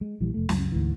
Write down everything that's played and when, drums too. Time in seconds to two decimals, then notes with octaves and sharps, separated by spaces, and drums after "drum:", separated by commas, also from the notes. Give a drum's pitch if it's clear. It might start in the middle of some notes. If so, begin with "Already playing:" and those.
0.01 G#3
0.20 A#1 E3 G3
0.34 F1 A3
0.49 C#2 F#2, drum: snare
0.72 D2 G#2 E3